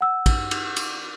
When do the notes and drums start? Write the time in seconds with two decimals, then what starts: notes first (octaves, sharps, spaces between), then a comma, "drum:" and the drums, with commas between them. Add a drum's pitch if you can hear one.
0.01 F#5 E6
0.26 drum: kick, cymbal
0.51 drum: cymbal
0.76 drum: cymbal